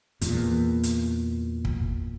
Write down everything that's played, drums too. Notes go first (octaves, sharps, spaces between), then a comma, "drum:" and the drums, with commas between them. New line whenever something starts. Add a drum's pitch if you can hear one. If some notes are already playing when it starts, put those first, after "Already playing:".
E2 A#2, drum: hi-hat
drum: hi-hat
drum: kick